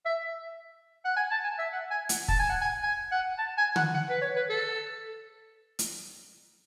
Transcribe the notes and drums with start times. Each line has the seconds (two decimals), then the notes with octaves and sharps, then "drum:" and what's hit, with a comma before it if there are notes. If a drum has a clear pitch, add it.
0.05 E5
1.05 F#5
1.17 G#5
1.31 A5
1.44 G#5
1.59 E5
1.73 F#5
1.91 G#5
2.09 F#5, drum: hi-hat
2.28 A5, drum: kick
2.39 G#5
2.50 F#5
2.62 G#5
2.83 G#5
3.12 F#5
3.38 A5
3.58 G#5
3.76 F#5, drum: tom D3
3.94 F#5
4.10 B4
4.21 C#5
4.36 B4
4.50 A4
5.79 drum: hi-hat